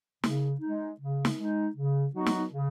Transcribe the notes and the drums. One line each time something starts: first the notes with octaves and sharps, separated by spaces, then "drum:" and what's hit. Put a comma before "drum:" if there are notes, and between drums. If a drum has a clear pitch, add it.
C#3, drum: snare
G#3 D#4
C#3
drum: snare
G#3 D#4
C#3
F#3 B3 D#4 F#4
drum: snare
C#3